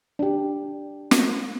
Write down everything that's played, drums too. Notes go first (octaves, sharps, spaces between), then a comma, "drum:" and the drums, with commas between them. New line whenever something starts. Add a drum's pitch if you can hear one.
D4 G4
drum: snare